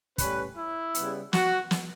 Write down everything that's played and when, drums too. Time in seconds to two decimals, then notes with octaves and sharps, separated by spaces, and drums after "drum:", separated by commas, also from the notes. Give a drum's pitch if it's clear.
0.18 A2 G3 C#4 B4, drum: kick, hi-hat
0.57 E4
0.94 C#3 G3 B3, drum: hi-hat
1.33 F#4, drum: snare
1.71 drum: snare